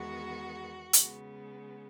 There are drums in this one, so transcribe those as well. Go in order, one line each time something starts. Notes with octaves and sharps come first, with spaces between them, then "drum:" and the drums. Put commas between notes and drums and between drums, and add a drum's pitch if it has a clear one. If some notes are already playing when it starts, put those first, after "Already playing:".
Already playing: E2 D#3 G#3 B3 F#4
C#3 G#3 B3, drum: hi-hat